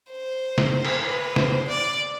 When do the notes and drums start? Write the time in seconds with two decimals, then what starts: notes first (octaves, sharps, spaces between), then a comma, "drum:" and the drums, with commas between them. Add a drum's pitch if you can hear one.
0.11 C5
0.58 drum: snare
0.85 drum: cymbal
1.05 B4
1.36 C5, drum: snare
1.68 D5